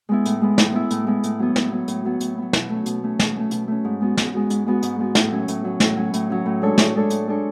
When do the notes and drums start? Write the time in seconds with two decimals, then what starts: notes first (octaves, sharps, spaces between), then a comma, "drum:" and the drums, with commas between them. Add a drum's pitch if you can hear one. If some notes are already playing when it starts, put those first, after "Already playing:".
0.09 G#3 B3 E4
0.26 A2, drum: hi-hat
0.41 G#3 B3 E4
0.58 A2, drum: snare
0.72 G#3 B3 E4
0.91 A2, drum: hi-hat
1.07 G#3 B3 E4
1.23 A2, drum: hi-hat
1.39 F#3 B3
1.56 A2, drum: snare
1.72 F#3 B3
1.88 A2, drum: hi-hat
2.05 F#3 B3
2.20 A2, drum: hi-hat
2.38 F#3 B3
2.53 B2, drum: snare
2.70 A3 C#4
2.86 B2, drum: hi-hat
3.03 A3 C#4
3.19 B2, drum: snare
3.36 A3 C#4
3.51 B2, drum: hi-hat
3.68 A3 C#4
3.84 G#2
4.00 G#3 B3 F#4
4.17 G#2, drum: snare
4.34 G#3 B3 F#4
4.50 G#2, drum: hi-hat
4.66 G#3 B3 F#4
4.83 G#2, drum: hi-hat
4.99 G#3 B3 F#4
5.15 A2, drum: snare
5.31 F#3 C#4
5.48 A2, drum: hi-hat
5.64 F#3 C#4
5.80 A2, drum: snare
5.97 F#3 C#4
6.14 A2, drum: hi-hat
6.30 F#3 C#4
6.46 A2
6.62 G#3 D4 A4 C#5
6.78 A2, drum: snare
6.95 G#3 D4 A4 C#5
7.10 A2, drum: hi-hat
7.28 G#3 D4 A4 C#5